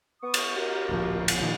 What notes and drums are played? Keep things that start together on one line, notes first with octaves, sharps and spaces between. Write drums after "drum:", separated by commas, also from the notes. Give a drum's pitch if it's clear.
B3 C#6 D#6
drum: cymbal
F#4 G4 A#4
D1 A#1 F3
drum: cymbal
A#2 D#3 F3